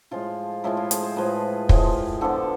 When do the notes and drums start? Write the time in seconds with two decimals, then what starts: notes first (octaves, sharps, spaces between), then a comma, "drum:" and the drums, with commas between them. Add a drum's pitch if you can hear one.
0.11 A2 F3 G#3 F4
0.64 A2 F3 G#3 E4
0.77 F4
0.91 G#4, drum: hi-hat
1.03 C5
1.16 A2 F3 G#3 B4
1.69 A2 F3 G#3, drum: kick
2.21 D3 F3 B3 A4